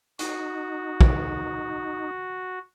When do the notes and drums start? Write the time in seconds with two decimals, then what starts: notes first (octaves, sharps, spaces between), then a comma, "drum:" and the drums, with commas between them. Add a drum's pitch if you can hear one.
0.19 D#4 F#4, drum: hi-hat
1.01 drum: kick